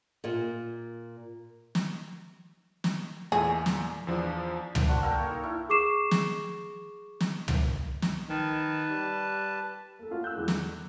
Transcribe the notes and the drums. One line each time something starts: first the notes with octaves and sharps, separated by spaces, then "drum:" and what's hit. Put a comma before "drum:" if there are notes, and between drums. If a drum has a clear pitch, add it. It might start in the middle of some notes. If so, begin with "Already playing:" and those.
A#2 A#3
drum: snare
drum: snare
E2 A#2 A3 G#4
drum: snare
E2 F3 D4
drum: tom
D4 F#4 C5
A#3 A4 A#4 G5
C#5
D#4
E4
G#4 C#6 D6 C7 E7
drum: snare
drum: snare
drum: tom
drum: snare
D#3 B4 A5
G3
A#3 A4
A#3 C#4 F4 F#4
E6 F#6 G6
E2 D3 G#3
drum: snare